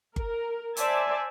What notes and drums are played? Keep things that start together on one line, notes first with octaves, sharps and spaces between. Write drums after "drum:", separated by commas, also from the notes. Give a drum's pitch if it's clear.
A#4, drum: kick G1
C5 D5 E5 G#5 A5, drum: hi-hat